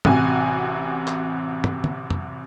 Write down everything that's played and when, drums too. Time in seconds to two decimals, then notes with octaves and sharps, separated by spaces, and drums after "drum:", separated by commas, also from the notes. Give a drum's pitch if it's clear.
0.05 A1 C3 F#4 G#5, drum: tom
1.07 drum: clap
1.64 drum: tom
1.84 drum: tom
2.10 drum: tom